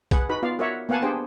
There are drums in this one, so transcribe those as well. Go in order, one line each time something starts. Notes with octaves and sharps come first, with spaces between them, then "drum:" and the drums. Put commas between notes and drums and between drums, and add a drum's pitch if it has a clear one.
G#4 B4 F#5, drum: kick, hi-hat
D#4 F#4 B4 B5
B3 F4 D5 F5
F#4 A#4 C#5 D5 E5 F#5
A#3 B3 F5 F#5 G#5 A5
D4 G4 G#4 C5 G5